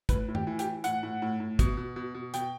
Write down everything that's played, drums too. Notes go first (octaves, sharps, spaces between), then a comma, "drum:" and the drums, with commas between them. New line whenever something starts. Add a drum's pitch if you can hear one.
A2 B4, drum: kick, hi-hat
A2
G4, drum: tom F#2
E3
G4, drum: hi-hat
E3
A2 F#5, drum: hi-hat
A2
A2
A2
B2, drum: kick, hi-hat
B2
B2
B2
B2 G5, drum: hi-hat